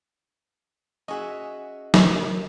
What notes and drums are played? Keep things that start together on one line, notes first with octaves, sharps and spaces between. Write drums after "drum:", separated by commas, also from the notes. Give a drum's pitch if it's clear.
C#4 F#4 G#4 D#5 E5
F#2, drum: snare